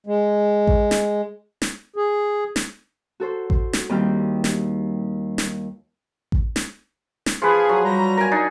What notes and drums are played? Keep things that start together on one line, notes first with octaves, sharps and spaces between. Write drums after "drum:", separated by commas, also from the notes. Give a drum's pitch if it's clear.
G#3
drum: kick A1
drum: snare
drum: snare
G#4
drum: snare
F#4 A4 C5
C5, drum: kick A1
drum: snare
D#2 G3 C4 E4 G5 F6
drum: snare
drum: snare
drum: kick A1
drum: snare
drum: snare
F3 G#4 B4
F#3
G3 A#5
A#4 G#5
D4 D#4